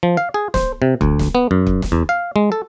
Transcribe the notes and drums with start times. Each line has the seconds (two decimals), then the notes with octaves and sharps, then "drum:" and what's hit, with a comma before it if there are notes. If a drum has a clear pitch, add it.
0.03 F3
0.17 F5
0.34 G#4
0.54 C5, drum: snare
0.82 C3
1.01 D2, drum: kick
1.19 drum: snare
1.35 B3
1.51 F#2
1.67 drum: kick
1.82 drum: snare
1.92 E2
2.09 F5
2.36 G#3
2.52 A4